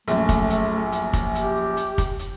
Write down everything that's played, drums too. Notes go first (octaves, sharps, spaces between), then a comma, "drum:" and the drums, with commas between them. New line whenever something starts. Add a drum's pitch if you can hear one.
A#1 F#2 A3, drum: hi-hat
drum: kick, hi-hat
drum: hi-hat
drum: hi-hat
drum: kick, hi-hat
G4, drum: hi-hat
drum: hi-hat
drum: kick, hi-hat
drum: hi-hat